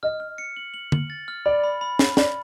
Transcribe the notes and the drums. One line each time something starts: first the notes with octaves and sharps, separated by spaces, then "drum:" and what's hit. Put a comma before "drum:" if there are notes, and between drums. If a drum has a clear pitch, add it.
D#5 F6
F6
C#7
F#7
F#7
F#7, drum: tom D3
A6
F6
D5 B5
B5
B5
B5, drum: snare
D5 B5, drum: snare